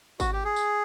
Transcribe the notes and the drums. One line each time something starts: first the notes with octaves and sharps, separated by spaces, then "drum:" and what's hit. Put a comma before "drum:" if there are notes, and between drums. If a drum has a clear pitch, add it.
F#4, drum: kick G#1, tambourine
G4
G#4
drum: tambourine